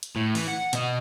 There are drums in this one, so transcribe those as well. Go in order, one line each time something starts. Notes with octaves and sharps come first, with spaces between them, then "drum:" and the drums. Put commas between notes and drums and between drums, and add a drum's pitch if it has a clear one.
drum: hi-hat
A2
E3, drum: open hi-hat
F#5
B2 D#5, drum: hi-hat